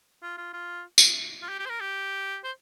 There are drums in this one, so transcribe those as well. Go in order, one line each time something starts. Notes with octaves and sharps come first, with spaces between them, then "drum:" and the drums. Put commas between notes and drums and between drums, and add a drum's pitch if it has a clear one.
F4
F4
F4
drum: tambourine
F4
G4
G4
C5
A#4
G4
C5